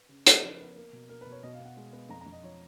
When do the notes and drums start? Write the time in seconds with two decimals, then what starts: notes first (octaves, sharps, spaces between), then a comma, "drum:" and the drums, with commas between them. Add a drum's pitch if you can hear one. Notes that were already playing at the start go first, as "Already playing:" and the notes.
Already playing: B4
0.09 C#3
0.26 C#3, drum: hi-hat
0.43 F3 B4
0.51 A#4
0.59 B3 B4
0.76 A#3 A#4
0.93 B2
1.09 A#3 A#4
1.21 B4
1.26 B2
1.32 C#5
1.43 B2 D#5
1.54 F5
1.60 B2 F#5
1.77 G#3
1.93 B3
2.09 F2 A#5
2.21 A#5
2.26 F2
2.32 D#5
2.43 F3 C#5